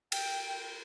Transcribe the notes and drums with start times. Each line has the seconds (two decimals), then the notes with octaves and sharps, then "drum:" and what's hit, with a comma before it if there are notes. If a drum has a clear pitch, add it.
0.12 G5, drum: cymbal